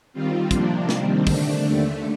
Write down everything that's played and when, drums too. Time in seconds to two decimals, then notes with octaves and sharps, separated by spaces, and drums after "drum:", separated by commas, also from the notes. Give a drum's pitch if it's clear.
0.13 D#3 G3 C4 F4
0.51 C3 F3 A#3 D4, drum: kick, hi-hat
0.89 D#3 G3 C4, drum: snare
1.27 D3 A3 D4, drum: kick, open hi-hat
1.65 D#2 D3 A3